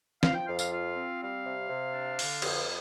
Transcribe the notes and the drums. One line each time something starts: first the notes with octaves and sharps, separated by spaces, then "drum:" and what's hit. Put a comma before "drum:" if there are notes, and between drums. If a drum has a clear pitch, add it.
F3 F5, drum: snare
G5
F2 F5
F5, drum: tambourine
F4 F5
C4
G3 F5
C3
C3
D4
D3, drum: open hi-hat
F2, drum: cymbal